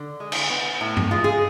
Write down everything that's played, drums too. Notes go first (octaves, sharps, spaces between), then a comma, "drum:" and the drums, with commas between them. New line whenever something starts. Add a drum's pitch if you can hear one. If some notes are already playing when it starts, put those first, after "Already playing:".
Already playing: D3
G#3
drum: cymbal
B3
A2
drum: tom G2
G#3 F4
G#4